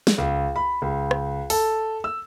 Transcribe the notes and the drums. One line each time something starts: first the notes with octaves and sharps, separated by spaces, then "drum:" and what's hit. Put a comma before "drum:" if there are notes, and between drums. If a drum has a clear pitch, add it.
drum: snare
C#2
B5
C#2
drum: rim click
A4, drum: open hi-hat
E6